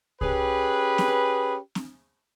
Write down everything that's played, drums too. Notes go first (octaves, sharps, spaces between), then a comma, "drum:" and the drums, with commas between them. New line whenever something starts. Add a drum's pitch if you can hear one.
C#4 G4 G#4 B4, drum: kick C2
drum: snare
drum: snare